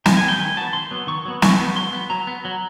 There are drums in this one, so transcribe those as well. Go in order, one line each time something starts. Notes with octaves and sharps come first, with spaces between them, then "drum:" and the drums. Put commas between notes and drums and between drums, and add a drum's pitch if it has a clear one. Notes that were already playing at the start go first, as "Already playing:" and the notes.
D#3 G5, drum: snare
G#5
F#3 B3
G5
D#3 G#5
F#3 B3 A5
D#3 C6
F#3 B3
D#3 C#6
F#3 B3
F#3 C#6, drum: snare
B3
F#3 C6
B3
F#3 A#5
B3
F#3